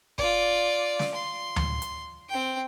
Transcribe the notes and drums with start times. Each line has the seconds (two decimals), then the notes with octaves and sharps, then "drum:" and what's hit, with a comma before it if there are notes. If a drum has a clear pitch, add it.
0.18 F4 D5, drum: kick
0.99 drum: snare
1.15 C6
1.56 drum: tom D2
1.82 drum: hi-hat
2.29 C4 G5